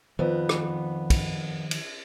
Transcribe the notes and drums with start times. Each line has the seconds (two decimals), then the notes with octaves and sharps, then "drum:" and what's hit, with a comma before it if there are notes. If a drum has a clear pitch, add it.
0.19 F2 D#3 F3 B3
0.49 drum: rim click
1.10 drum: kick, cymbal
1.71 drum: cymbal